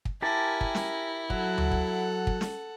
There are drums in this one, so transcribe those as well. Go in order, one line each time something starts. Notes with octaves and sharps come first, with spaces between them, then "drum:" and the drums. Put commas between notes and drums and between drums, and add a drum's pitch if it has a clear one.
drum: kick
E4 G4 A#4 G#5 A5
drum: kick
drum: snare
F#3 A4 F#5, drum: kick
drum: tom D2
drum: kick
drum: kick
drum: snare